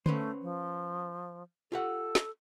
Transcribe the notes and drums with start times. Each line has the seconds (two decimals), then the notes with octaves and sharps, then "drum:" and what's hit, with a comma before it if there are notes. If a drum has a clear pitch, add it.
0.06 A3 C#4 B4 C5, drum: tom D3
0.42 F3
1.72 F4 G4 A4 F#5
2.15 drum: snare